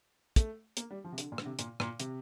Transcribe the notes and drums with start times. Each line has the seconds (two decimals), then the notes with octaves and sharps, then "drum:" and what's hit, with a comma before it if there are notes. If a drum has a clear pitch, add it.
0.36 A3, drum: kick, hi-hat
0.77 A#3, drum: hi-hat
0.91 G3
1.04 F3
1.12 C3
1.18 D3, drum: hi-hat
1.32 A#2
1.38 D3, drum: rim click
1.45 C3
1.59 A#2, drum: hi-hat
1.80 A#2, drum: rim click
2.00 C3, drum: hi-hat